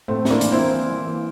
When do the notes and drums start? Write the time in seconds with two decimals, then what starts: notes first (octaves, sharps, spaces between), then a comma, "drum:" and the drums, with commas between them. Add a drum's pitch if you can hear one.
0.08 A2 A3 C4
0.25 E4, drum: snare
0.30 A#3 D4
0.41 E3, drum: hi-hat
0.52 C4 E4
0.58 A#3
0.75 E3
0.91 E3
1.07 A#3